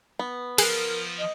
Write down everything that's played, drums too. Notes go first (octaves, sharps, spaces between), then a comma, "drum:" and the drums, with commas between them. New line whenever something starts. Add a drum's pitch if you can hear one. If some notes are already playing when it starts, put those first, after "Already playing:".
B3
F3 G#4 A#4 F#6 C7, drum: cymbal
D#5